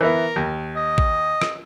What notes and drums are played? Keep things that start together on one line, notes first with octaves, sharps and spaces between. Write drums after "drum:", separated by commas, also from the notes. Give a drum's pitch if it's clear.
E3 B3 E4 A#4
D#2
D#5
drum: kick A1
drum: rim click